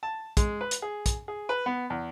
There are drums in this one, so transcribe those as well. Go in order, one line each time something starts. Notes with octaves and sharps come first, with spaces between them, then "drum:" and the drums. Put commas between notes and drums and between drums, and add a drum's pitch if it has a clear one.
A5
G#3, drum: kick, hi-hat
B4
drum: hi-hat
G#4
drum: kick, hi-hat
G#4
B4
B3
E2